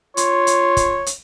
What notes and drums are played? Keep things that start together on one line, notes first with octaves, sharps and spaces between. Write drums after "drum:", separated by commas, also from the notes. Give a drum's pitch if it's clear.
F4 C#5, drum: hi-hat
drum: hi-hat
drum: kick, hi-hat
drum: hi-hat